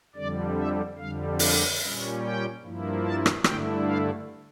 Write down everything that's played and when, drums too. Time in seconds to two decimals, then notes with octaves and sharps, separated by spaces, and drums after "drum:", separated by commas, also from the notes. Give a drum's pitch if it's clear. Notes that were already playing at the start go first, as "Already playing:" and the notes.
0.16 F2 D3 G3 D5
0.57 E5
0.98 F2 D3 G3 F5
1.39 F5, drum: open hi-hat
1.80 A#2 G3 C#4 F5
2.21 G5
2.62 G2 F3 A#3 E4
3.03 A5
3.26 drum: rim click
3.44 G2 D3 A3 E4 G5, drum: rim click
3.85 F5